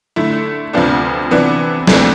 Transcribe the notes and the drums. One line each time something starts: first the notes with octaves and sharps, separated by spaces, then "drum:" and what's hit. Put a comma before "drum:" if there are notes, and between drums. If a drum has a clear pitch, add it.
D3 A3 E4
D2 C3 F3 B3 D4
C3 E3 B3 D4
D2 C3 E3 A3 D4, drum: snare